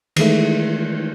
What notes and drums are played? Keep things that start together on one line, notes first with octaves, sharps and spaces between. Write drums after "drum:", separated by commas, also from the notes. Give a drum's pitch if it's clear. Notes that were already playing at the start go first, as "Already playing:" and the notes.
D#3 E3 G#3 A3, drum: cymbal